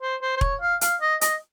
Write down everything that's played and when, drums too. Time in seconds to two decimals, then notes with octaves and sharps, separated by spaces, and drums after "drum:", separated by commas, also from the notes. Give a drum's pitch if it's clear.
0.02 C5
0.22 C5
0.37 C5
0.41 C#5, drum: kick E1
0.61 F5
0.81 F5, drum: hi-hat
1.01 D#5
1.21 D#5, drum: hi-hat